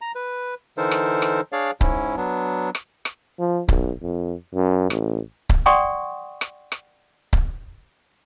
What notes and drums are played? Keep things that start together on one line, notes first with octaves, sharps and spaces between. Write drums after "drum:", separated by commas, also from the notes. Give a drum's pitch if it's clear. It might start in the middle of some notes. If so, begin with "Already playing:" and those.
A#5
B4
D3 E3 D#4 A4 A#4 C5
drum: rim click
drum: rim click
D4 G#4 C#5 D5 F5
G#2 C#4 E4, drum: kick C#1
F#3 B3 D4
drum: rim click
drum: rim click
F3
B1, drum: kick C#1
F2
F#2
A1, drum: rim click
drum: kick C#1
D5 F#5 G5 C6 C#6 D#6
drum: rim click
drum: rim click
drum: kick C#1